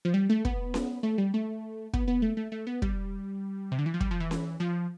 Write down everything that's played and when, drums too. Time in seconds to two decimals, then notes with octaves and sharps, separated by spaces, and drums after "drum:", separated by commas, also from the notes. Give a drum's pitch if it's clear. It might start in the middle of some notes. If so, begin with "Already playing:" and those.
0.05 F3
0.14 G3
0.30 A3
0.45 B3, drum: kick
0.74 drum: snare C#4
1.03 A3
1.18 G3
1.34 A3
1.93 B3, drum: kick
2.08 B3
2.22 A3
2.37 A3
2.52 A3
2.67 B3
2.82 G3, drum: kick
3.72 C3
3.79 D3
3.86 E3
3.94 F3
4.00 G3, drum: kick
4.11 F3
4.20 E3
4.31 drum: snare C#4
4.60 F3